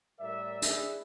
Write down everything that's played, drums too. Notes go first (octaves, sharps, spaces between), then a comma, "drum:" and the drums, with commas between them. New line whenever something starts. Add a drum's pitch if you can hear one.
A2 G3 A#4 D5 E5
D4 E4 G#4 B4 E5, drum: hi-hat